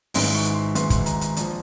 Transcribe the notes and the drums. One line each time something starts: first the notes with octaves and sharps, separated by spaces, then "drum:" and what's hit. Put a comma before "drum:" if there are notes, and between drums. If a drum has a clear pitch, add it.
G#1 G#2 E3 C6, drum: open hi-hat
C#6
drum: hi-hat
C6
G#1 G#2 E3 C6, drum: hi-hat
C6, drum: kick, hi-hat
A#5, drum: hi-hat
A#5, drum: hi-hat
A#1 F3, drum: hi-hat